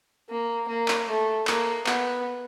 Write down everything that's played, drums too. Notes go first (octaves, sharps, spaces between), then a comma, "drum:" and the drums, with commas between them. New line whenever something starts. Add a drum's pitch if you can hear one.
A#3
A#3
drum: clap
A3
A#3, drum: clap
B3, drum: clap